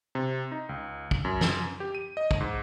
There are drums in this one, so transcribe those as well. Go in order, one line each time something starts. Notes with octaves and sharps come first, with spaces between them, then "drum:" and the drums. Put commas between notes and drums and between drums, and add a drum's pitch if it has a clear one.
C3
D#4
C#2
drum: kick
F#2
drum: snare
G4
D#7
D#5
drum: kick
G#2